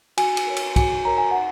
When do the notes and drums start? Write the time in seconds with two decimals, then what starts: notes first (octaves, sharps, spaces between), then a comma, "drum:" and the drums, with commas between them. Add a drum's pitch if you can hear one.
0.18 F#4 G#5, drum: cymbal
0.37 drum: cymbal
0.47 A#4 C#5
0.56 drum: cymbal
0.76 F#4 G#5, drum: kick, cymbal
1.05 A#4 C#5 A#5
1.18 G#5
1.31 D#4 F#5